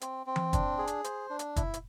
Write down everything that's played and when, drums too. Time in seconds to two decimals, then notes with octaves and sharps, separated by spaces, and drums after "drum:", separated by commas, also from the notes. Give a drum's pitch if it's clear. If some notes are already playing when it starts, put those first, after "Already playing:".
0.01 C4, drum: hi-hat
0.27 C4
0.36 drum: tom E3
0.53 D4, drum: kick, hi-hat
0.78 G#4
0.87 drum: hi-hat
1.04 C5, drum: hi-hat
1.30 D4
1.39 drum: hi-hat
1.56 E4, drum: kick, hi-hat
1.74 drum: hi-hat